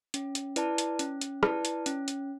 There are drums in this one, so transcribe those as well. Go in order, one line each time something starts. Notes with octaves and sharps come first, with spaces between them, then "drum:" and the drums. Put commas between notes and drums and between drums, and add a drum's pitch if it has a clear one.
C#4, drum: hi-hat
drum: hi-hat
E4 B4 D5 A5, drum: hi-hat
drum: hi-hat
C#4, drum: hi-hat
drum: hi-hat
E4 B4 D5 A5, drum: rim click
drum: hi-hat
C#4, drum: hi-hat
drum: hi-hat